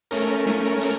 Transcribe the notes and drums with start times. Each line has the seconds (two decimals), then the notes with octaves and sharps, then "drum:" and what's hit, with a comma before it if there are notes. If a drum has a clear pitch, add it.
0.11 A3 C#4 A#4, drum: hi-hat
0.46 drum: snare
0.81 drum: hi-hat